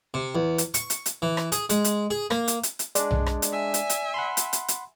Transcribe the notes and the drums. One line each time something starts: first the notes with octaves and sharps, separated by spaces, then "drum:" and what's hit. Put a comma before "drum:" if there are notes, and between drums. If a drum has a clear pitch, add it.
C3
E2
drum: hi-hat
C#6, drum: hi-hat
drum: hi-hat
drum: hi-hat
E3
drum: rim click
G#4, drum: hi-hat
G#3, drum: hi-hat
drum: hi-hat
G#4
A#3, drum: rim click
drum: hi-hat
drum: hi-hat
drum: hi-hat
G#3 D4 D5, drum: hi-hat
drum: tom B1
drum: rim click
drum: hi-hat
E5 G#5
drum: hi-hat
drum: hi-hat
F#5 B5 C6
drum: hi-hat
drum: hi-hat
drum: hi-hat